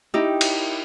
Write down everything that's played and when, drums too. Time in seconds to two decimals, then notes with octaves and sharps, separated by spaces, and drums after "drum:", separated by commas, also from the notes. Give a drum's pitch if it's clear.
0.14 D#4 E4 G4
0.41 drum: cymbal